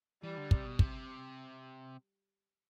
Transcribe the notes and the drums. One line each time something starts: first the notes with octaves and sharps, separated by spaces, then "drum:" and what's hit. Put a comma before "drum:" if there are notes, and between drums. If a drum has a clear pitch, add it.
E3 G3
D3
C3, drum: kick
B2
C3, drum: kick